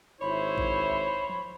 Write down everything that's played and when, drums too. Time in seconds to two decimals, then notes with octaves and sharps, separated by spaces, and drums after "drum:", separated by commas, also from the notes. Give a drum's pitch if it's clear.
0.21 G#1 E4 C5 C#5 B5
0.58 drum: kick A#1
1.29 drum: tom F3